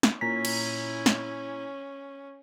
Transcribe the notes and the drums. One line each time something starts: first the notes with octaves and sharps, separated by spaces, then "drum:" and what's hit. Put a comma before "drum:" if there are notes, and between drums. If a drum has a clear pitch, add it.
drum: snare
A#2 C#4 E4 G#5 A#5 B6
drum: cymbal
drum: snare